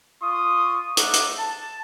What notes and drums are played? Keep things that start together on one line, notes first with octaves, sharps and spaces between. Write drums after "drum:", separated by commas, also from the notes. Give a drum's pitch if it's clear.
F4 C6 C#6 D#6
A3 D#4 A4 F#5 D6, drum: hi-hat
drum: hi-hat
A5